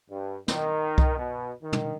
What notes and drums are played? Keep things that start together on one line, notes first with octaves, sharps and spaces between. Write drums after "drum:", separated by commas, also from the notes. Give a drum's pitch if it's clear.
G2
D#3, drum: snare
drum: kick C2
B2
D#3
drum: tom